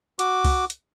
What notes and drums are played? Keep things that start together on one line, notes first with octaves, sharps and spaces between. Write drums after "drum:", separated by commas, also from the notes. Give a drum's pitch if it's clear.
F#4 D6, drum: hi-hat
drum: kick C2, open hi-hat
drum: hi-hat